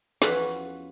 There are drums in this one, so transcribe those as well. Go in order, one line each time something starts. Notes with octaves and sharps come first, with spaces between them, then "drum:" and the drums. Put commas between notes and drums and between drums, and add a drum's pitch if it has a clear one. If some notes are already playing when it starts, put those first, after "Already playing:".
E2 F3 C#4 F#4 B4, drum: snare